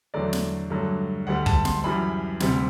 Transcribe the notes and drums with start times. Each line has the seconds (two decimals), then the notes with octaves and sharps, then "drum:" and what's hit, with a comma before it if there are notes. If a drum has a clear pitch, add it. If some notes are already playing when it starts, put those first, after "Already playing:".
0.14 E2 D3 F#3 A3 D5
0.33 drum: snare
0.70 G2 D3 F#3 A3
1.27 D2 D3 G3 F#5
1.46 A5, drum: kick
1.65 C6, drum: snare
1.84 F#2 E3 G3 B5
2.40 D2 C3 G3, drum: snare